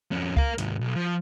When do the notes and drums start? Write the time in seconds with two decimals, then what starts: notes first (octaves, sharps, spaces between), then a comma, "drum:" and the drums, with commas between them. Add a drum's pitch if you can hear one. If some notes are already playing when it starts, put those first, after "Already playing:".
0.12 F2 C#4
0.37 A#4 F5, drum: kick C#2
0.58 D#2 G#2, drum: hi-hat
0.81 B1
0.96 F3